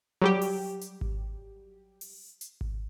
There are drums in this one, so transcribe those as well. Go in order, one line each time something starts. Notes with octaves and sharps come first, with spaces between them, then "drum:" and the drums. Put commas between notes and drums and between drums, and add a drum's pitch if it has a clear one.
F#3 G3 G4
drum: open hi-hat
drum: hi-hat
drum: kick G#1
drum: open hi-hat
drum: hi-hat
drum: kick G#1